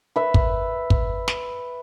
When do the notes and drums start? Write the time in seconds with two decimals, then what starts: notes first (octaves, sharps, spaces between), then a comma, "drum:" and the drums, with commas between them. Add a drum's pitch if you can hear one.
0.16 B4 E5
0.34 drum: kick
0.90 drum: kick
1.28 drum: snare